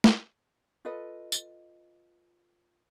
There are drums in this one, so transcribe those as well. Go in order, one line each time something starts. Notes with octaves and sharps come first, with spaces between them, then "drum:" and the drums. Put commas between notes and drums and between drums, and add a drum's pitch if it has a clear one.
drum: snare
F4 A4 B4 D#5
drum: tambourine